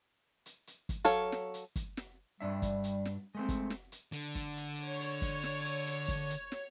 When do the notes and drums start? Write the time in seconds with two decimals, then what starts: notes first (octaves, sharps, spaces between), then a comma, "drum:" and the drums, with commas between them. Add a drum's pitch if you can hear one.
0.46 drum: hi-hat
0.67 drum: hi-hat
0.89 drum: kick, hi-hat
1.05 F#3 A4 C#5 F5
1.32 drum: snare
1.54 drum: hi-hat
1.76 drum: kick, hi-hat
1.97 drum: snare
2.40 G2 G3 D4 E5
2.62 drum: kick, hi-hat
2.84 drum: hi-hat
3.05 drum: snare
3.35 G#3 A3 C4
3.49 drum: kick, hi-hat
3.70 drum: snare
3.92 drum: hi-hat
4.12 D3, drum: hi-hat
4.35 drum: kick, hi-hat
4.57 drum: hi-hat
4.82 C#5
5.00 drum: hi-hat
5.22 drum: kick, hi-hat
5.43 drum: snare
5.65 drum: hi-hat
5.87 drum: hi-hat
6.08 drum: kick, hi-hat
6.30 drum: hi-hat
6.52 drum: snare